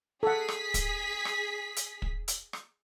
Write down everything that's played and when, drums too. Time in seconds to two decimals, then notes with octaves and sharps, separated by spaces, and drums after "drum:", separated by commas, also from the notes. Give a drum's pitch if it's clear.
0.23 G#4 A4 F#5 B6
0.48 drum: rim click
0.74 drum: kick, hi-hat
1.25 drum: rim click
1.76 drum: hi-hat
2.02 drum: kick
2.28 drum: hi-hat
2.53 drum: rim click